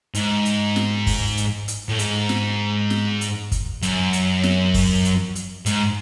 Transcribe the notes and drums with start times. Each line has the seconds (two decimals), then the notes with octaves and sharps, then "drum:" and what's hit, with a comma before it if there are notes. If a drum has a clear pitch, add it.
0.15 G#2, drum: hi-hat
0.45 drum: hi-hat
0.76 drum: snare
1.07 drum: kick, open hi-hat
1.37 drum: hi-hat
1.68 drum: hi-hat
1.89 A2
1.99 G#2, drum: hi-hat
2.29 drum: snare
2.90 drum: snare
3.21 drum: hi-hat
3.52 drum: kick, hi-hat
3.82 F#2, drum: hi-hat
4.13 drum: hi-hat
4.43 drum: snare
4.74 drum: kick, open hi-hat
5.05 drum: hi-hat
5.35 drum: hi-hat
5.66 G#2, drum: hi-hat